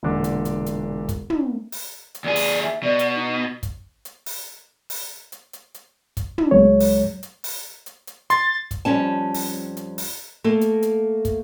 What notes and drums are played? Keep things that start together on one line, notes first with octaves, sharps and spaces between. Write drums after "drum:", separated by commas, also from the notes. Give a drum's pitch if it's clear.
E1 A#2 D3 D6
drum: hi-hat
drum: hi-hat
drum: hi-hat
drum: kick, hi-hat
drum: tom
drum: open hi-hat
drum: hi-hat
D#2 G#4 D5
drum: open hi-hat
E5
B2 D5
drum: hi-hat
D#4
drum: kick, hi-hat
drum: hi-hat
drum: open hi-hat
drum: open hi-hat
drum: hi-hat
drum: hi-hat
drum: hi-hat
drum: kick, hi-hat
drum: tom
C#2 F#3 G#3 C#5
drum: open hi-hat
drum: hi-hat
drum: open hi-hat
drum: hi-hat
drum: hi-hat
C6 A6, drum: hi-hat
drum: kick, hi-hat
F2 G3 C#4 A5
drum: open hi-hat
drum: hi-hat
drum: open hi-hat
A3 A#3 A4
drum: hi-hat
drum: hi-hat
drum: kick, hi-hat